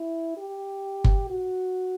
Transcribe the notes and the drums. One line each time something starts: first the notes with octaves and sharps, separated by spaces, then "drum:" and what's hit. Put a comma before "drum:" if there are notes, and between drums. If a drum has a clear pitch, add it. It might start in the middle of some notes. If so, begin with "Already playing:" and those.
Already playing: E4
G4
drum: kick G1
F#4